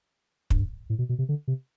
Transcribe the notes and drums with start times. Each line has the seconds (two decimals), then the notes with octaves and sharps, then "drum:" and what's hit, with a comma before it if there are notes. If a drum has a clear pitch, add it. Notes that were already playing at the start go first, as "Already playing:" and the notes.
0.50 G2, drum: kick
0.90 A2
0.99 B2
1.09 B2
1.19 C3
1.29 D3
1.48 C3